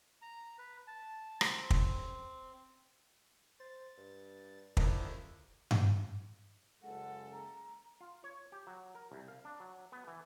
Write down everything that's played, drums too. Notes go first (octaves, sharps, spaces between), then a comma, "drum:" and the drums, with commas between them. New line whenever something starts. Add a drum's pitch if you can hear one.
A#5
B4
A5
C4, drum: rim click
drum: kick
C5 A6
G2
D3 D#3 F3 E4 A#4 D#5, drum: kick
drum: tom G2
F#1 G#3 A4 F#5
A#5
F4
C#5
G4
F#3
A#4
C2
F5
D4
F#3
B3
E3